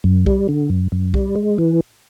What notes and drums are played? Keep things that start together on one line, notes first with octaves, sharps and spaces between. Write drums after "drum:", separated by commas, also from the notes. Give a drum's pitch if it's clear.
F#2
G3, drum: kick B1
D3
F#2
F#2
G3, drum: kick B1
G#3
E3